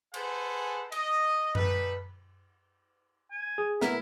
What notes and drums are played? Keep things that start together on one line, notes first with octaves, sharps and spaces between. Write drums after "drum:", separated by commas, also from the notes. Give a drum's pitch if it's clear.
G#4 A4 B4 C5 F#5 G#5, drum: cymbal
D#5, drum: cymbal
G3 D#4 A4 B4, drum: tom F#2
G#5
G#4
A3 B3 E4 A#4, drum: snare